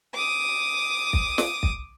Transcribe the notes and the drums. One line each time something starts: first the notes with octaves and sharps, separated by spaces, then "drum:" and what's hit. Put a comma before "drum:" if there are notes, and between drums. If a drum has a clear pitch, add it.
D6 D#6
drum: kick
drum: snare
drum: kick